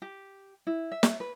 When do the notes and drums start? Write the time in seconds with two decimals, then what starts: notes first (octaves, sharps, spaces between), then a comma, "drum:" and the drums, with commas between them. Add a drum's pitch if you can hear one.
0.02 G4
0.67 E4
0.92 E5
1.03 drum: snare
1.20 B4